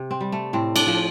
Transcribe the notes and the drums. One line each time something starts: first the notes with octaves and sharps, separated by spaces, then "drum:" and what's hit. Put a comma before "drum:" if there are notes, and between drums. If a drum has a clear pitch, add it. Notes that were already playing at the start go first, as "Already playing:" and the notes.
Already playing: C3
C4
G3
A3
A2 C4
D4, drum: cymbal
F3